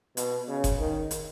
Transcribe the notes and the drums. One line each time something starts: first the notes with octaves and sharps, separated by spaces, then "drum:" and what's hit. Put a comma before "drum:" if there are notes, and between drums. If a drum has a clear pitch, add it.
B2, drum: hi-hat
C#3
drum: kick F#1, hi-hat
D#3
drum: hi-hat